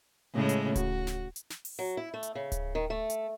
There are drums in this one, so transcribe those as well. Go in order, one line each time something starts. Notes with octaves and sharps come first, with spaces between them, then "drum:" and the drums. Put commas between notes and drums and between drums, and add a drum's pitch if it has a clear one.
A2 C#3 G#3
drum: hi-hat
F#4, drum: kick D1, hi-hat
drum: snare
drum: hi-hat
drum: snare
drum: open hi-hat
F#3
E4
A3
drum: hi-hat
C#3
drum: kick D1, hi-hat
D#3
A3
drum: hi-hat